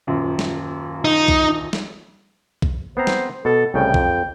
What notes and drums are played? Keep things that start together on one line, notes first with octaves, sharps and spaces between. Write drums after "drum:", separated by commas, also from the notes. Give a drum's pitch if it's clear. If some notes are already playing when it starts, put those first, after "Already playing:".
D#1 F#2 A#2
drum: snare
D#4
drum: kick B1
drum: snare
drum: kick B1
B3 C4 C5 A#5
drum: snare
B2 A4
C2 A2 C#3 G5
F2, drum: kick B1